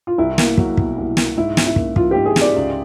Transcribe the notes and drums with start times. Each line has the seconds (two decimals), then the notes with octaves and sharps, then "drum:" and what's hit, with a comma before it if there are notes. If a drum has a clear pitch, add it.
0.07 F4
0.18 C2 E4
0.38 A#3, drum: snare
0.57 F#3, drum: kick
0.77 B2, drum: kick
0.98 C2
1.17 A#3, drum: snare
1.37 G#2 E4
1.57 C#4, drum: snare
1.66 E4
1.76 A#3, drum: kick
1.96 F3 F4, drum: kick
2.11 G#2 G4
2.26 G#4
2.36 C#4, drum: snare
2.41 D5
2.56 C#2